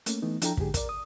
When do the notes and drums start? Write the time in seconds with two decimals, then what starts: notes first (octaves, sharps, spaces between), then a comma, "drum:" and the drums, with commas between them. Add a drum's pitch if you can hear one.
0.06 A3 A#3 C#4, drum: hi-hat
0.22 E3 A3 B3 D#4
0.42 F3 D4 E4 A4 G5 A#5, drum: hi-hat
0.57 F2 G#2 D3 G4 G#4, drum: kick
0.74 A#4 D5, drum: kick, hi-hat
0.89 D#6